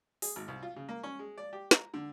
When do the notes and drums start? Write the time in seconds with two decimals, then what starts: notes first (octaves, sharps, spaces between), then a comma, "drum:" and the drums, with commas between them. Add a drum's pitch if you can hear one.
0.22 G#4, drum: open hi-hat
0.36 G#1
0.48 C2
0.63 F4
0.76 C#3
0.89 A#3
1.03 C#4
1.19 G#3
1.38 D5
1.53 G4
1.71 A#5, drum: snare
1.94 D3